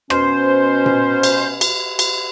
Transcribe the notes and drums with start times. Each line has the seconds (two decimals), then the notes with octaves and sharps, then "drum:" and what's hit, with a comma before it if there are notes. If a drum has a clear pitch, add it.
0.10 B2 C#4 C5, drum: rim click
0.86 drum: tom A#2
1.23 drum: cymbal
1.61 drum: cymbal
1.99 drum: cymbal